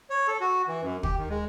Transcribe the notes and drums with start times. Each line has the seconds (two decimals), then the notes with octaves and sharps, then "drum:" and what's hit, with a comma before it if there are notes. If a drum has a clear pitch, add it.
0.10 C#5
0.28 A4
0.40 F#4
0.68 E3
0.82 F#2
1.03 G4, drum: kick
1.18 D#3
1.29 G#3